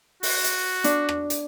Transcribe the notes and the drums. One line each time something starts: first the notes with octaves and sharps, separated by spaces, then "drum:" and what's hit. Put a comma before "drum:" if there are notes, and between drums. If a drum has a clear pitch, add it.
F#4, drum: open hi-hat
drum: hi-hat
D4, drum: hi-hat
drum: rim click
drum: hi-hat